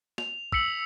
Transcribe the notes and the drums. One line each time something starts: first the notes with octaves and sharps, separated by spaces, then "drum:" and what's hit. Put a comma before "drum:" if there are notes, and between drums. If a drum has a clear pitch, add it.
F7, drum: snare
E6 B6 C#7 F#7, drum: kick